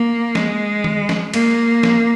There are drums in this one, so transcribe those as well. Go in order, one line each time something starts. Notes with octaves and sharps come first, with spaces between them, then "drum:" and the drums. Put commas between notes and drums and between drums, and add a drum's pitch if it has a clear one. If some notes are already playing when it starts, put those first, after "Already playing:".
Already playing: A#3
G#3, drum: snare
drum: tom D#3
drum: snare
A#3, drum: cymbal
drum: snare